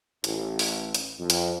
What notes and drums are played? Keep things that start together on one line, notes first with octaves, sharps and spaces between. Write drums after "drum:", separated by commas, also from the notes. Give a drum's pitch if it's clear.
A1, drum: hi-hat
drum: open hi-hat
drum: hi-hat
F2
drum: hi-hat